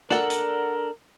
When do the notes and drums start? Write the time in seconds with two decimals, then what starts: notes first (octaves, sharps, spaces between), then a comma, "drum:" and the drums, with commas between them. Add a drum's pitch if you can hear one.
0.10 D4 A4 A#4 D5 F#5 E6, drum: snare
0.30 drum: hi-hat